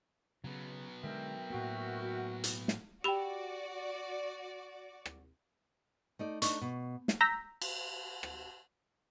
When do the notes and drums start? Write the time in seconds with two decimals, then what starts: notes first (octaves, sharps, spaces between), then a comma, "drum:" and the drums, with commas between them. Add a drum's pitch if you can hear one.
0.44 C#3 F#3 B3
1.03 D3 G#3 A#4 E5 G5
1.50 A2 A#3 F#4
2.44 drum: hi-hat
2.68 drum: snare
3.04 F#4 G4 D5 G5 B5 F7
5.06 drum: rim click
6.19 A3 D#4 D5
6.42 A3 D4 D#4 C#6, drum: hi-hat
6.61 B2
7.08 drum: snare
7.21 A#5 E6 G6 A#6 B6
7.62 drum: cymbal
8.23 drum: rim click